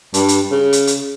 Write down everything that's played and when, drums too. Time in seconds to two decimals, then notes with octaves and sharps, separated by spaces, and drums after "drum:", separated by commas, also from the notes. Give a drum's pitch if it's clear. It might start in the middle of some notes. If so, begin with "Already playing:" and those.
0.14 G2, drum: hi-hat
0.28 drum: hi-hat
0.51 C#3
0.73 drum: hi-hat
0.87 drum: hi-hat